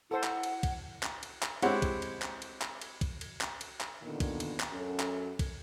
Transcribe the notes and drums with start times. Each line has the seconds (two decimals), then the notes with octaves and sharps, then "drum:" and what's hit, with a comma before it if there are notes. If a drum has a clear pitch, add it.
0.11 E4 A4 C5 F#5
0.24 drum: clap
0.43 drum: cymbal
0.63 drum: kick, cymbal
1.03 drum: clap
1.23 drum: cymbal
1.43 drum: clap
1.62 G#3 C4 E4 G4 C#5 F#5, drum: cymbal
1.82 drum: kick, cymbal
2.02 drum: cymbal
2.22 drum: clap
2.42 drum: cymbal
2.62 drum: clap
2.81 drum: cymbal
3.01 drum: kick, cymbal
3.21 drum: cymbal
3.41 drum: clap
3.61 drum: cymbal
3.81 drum: clap
4.03 A#2 D3 D#3 B3
4.20 drum: kick, cymbal
4.40 drum: cymbal
4.60 drum: clap
4.73 F#2 C#4 F#4 A4
5.00 drum: clap
5.39 drum: kick, cymbal